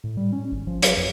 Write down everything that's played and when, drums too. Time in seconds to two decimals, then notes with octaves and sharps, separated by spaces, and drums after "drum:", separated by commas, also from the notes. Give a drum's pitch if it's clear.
0.04 A2
0.17 G3
0.33 C#4
0.52 G#1
0.67 F3
0.82 F#3, drum: hi-hat
0.97 F2